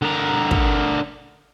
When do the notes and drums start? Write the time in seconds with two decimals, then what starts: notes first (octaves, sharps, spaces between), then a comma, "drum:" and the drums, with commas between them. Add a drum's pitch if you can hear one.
0.02 D3 A#4
0.51 drum: kick